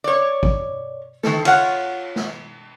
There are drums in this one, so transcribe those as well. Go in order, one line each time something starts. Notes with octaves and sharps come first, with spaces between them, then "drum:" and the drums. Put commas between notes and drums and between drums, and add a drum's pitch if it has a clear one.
C#5 D5
drum: kick
D#3 A4, drum: snare
F4 C#5 F#5, drum: cymbal
drum: snare